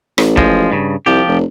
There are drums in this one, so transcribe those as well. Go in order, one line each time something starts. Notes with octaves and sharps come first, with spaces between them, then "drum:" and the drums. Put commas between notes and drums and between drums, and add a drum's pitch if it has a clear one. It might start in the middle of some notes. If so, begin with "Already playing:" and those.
A1, drum: rim click
F3 G#3, drum: kick
G2 C#3
C2 F3 G4
F1